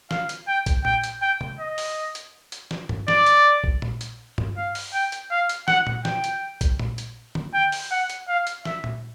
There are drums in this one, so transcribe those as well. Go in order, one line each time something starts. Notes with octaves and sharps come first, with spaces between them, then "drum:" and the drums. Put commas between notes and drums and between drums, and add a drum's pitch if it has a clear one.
F5, drum: snare
drum: hi-hat
G5
drum: kick A#1, hi-hat
G5, drum: tom A#2
drum: hi-hat
G5
drum: tom
D#5
drum: open hi-hat
drum: hi-hat
drum: hi-hat
drum: snare
drum: tom G2
D5, drum: snare
drum: hi-hat
drum: kick A#1
drum: tom A#2
drum: hi-hat
drum: tom G2
F5
drum: open hi-hat
G5
drum: hi-hat
F5
drum: hi-hat
F#5, drum: snare
drum: tom A#2
G5, drum: snare
drum: hi-hat
drum: kick A#1, hi-hat
drum: tom A#2
drum: hi-hat
drum: tom D3
G5
drum: open hi-hat
F#5
drum: hi-hat
F5
drum: hi-hat
E5, drum: snare
drum: tom A#2